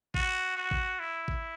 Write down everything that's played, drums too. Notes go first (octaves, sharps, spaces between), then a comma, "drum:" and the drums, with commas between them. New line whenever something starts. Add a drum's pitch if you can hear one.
F#4, drum: kick G#1
F#4
drum: kick G#1
E4
drum: kick G#1